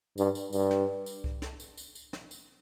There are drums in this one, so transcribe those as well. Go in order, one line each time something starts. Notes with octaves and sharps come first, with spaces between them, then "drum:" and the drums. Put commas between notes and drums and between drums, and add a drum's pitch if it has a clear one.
G2, drum: tambourine
drum: tambourine
G2, drum: tambourine
drum: snare
drum: tambourine
drum: kick C2
drum: snare
drum: tambourine
drum: tambourine
drum: tambourine
drum: snare
drum: tambourine